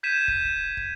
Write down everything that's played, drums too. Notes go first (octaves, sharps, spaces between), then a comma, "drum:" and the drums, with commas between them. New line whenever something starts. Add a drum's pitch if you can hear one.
G6 G#6 B6 D#7 E7
drum: kick
drum: kick